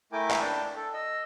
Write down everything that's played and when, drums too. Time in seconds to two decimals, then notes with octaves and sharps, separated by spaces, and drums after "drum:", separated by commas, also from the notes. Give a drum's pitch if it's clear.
0.12 A3 E4 A#4 G5 G#5 D6
0.31 drum: clap
0.40 D4 G5 A5
0.76 A4
0.93 D#5 E6